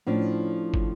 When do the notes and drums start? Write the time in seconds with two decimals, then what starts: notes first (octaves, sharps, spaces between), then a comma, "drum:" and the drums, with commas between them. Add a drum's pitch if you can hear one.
0.06 A2 F3 C#4 D4
0.74 drum: kick